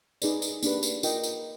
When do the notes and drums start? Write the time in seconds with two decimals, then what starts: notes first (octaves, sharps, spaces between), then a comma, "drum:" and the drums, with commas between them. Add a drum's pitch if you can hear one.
0.22 D#4 G#4 B4 D5, drum: tambourine
0.42 drum: tambourine
0.63 A#3 D4 G4 B4, drum: tambourine
0.83 drum: tambourine
1.03 F4 A#4 D#5 G5, drum: tambourine
1.23 drum: tambourine